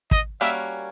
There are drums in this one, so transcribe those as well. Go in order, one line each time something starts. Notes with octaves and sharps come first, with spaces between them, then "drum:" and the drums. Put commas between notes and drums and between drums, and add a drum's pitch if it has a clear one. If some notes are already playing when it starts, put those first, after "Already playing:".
D#5, drum: kick
G3 A#3 C#4 F#4 E5